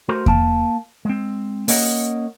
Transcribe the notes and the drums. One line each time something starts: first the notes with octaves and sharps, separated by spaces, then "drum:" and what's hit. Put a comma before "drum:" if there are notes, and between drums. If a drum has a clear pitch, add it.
A3 F#4 A#4 C5
A#3 A5, drum: kick E2
G#3 C4
A#3 C#4 D#5 F#5, drum: open hi-hat